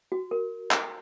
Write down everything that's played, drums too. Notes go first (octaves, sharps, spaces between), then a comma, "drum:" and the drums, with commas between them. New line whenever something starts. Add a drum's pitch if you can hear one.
F#4
A#4
drum: clap